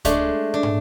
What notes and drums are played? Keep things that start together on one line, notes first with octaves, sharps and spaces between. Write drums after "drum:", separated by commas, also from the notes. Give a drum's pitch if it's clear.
G#3 A3 D4, drum: kick C#2, hi-hat
D4
drum: tom